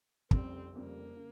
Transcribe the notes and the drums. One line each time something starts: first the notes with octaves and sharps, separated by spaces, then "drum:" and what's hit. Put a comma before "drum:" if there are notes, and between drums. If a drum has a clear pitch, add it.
F1 F2 C#3 G3 C4, drum: kick
F1 F2 C#3 G3 A#3
C#3